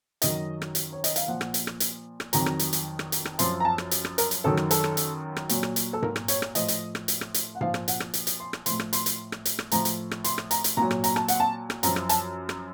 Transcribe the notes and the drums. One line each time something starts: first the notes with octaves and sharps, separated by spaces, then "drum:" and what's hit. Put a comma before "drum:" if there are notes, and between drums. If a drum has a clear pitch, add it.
F#2 D#3 F#3 D#5, drum: hi-hat
drum: rim click
drum: hi-hat
C#5
D#5, drum: hi-hat
F5, drum: hi-hat
A#2 F3 F#5
drum: rim click
drum: hi-hat
drum: rim click
drum: hi-hat
drum: rim click
F2 D#3 F#3 A#5, drum: hi-hat
drum: rim click
drum: hi-hat
drum: hi-hat
drum: rim click
drum: hi-hat
drum: rim click
F#2 F3 C6, drum: hi-hat
A#5
A5
drum: rim click
drum: hi-hat
drum: rim click
A#4, drum: hi-hat
drum: hi-hat
F#2 D#3 F#3 A4
drum: rim click
A4, drum: hi-hat
drum: rim click
drum: hi-hat
drum: rim click
A#2 F#3, drum: hi-hat
drum: rim click
drum: hi-hat
A4
A#4, drum: tom G#2
drum: rim click
C#5, drum: hi-hat
drum: rim click
A2 F3 D#5, drum: hi-hat
drum: hi-hat
drum: rim click
drum: hi-hat
drum: rim click
drum: hi-hat
F#5
A#2 F3 F5, drum: tom G#2
drum: rim click
F#5, drum: hi-hat
drum: rim click
drum: hi-hat
drum: hi-hat
C6
drum: rim click
A2 F3 C6, drum: hi-hat
drum: rim click
C6, drum: hi-hat
drum: hi-hat
drum: rim click
drum: hi-hat
drum: rim click
A2 F3 A#5, drum: hi-hat
drum: hi-hat
drum: rim click
C6, drum: hi-hat
drum: rim click
A#5, drum: hi-hat
drum: hi-hat
A#2 F#3 A#5, drum: tom G#2
drum: rim click
A#5, drum: hi-hat
A5, drum: rim click
F#5, drum: hi-hat
A5
drum: rim click
F#2 F3 A#5, drum: hi-hat
drum: rim click
A5, drum: hi-hat
drum: rim click